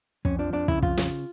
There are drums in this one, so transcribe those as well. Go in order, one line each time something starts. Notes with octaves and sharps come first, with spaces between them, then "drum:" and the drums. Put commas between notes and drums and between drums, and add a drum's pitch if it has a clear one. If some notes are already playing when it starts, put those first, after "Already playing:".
F2 C#4, drum: kick
F3 D4
F2 D4
C#3 E4, drum: kick
F2 F4, drum: kick
C#3, drum: snare